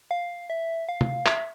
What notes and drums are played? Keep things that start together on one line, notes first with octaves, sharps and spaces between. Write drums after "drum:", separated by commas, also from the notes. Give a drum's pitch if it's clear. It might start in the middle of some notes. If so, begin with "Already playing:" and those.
F5
E5
F5
drum: tom
E5, drum: clap